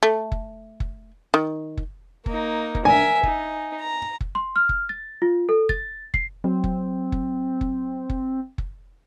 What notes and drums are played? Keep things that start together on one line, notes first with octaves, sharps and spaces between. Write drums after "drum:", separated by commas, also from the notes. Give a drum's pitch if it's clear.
A3
drum: kick F#1
drum: kick F#1
D#3
drum: kick F#1
A#3 D#4, drum: kick F#1
drum: kick F#1
A#4 E5 G#5
D#4, drum: kick F#1
A#5
drum: kick F#1
C6
F6
drum: kick F#1
A6
F4
A4
A6, drum: kick F#1
C7, drum: kick F#1
F#3 C4
drum: kick F#1
drum: kick F#1
drum: kick F#1
drum: kick F#1
drum: kick F#1